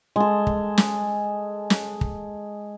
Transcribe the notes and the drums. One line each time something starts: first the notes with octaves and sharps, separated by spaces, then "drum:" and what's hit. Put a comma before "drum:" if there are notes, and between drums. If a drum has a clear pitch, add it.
G#3 A4
drum: kick
drum: snare
drum: snare
drum: kick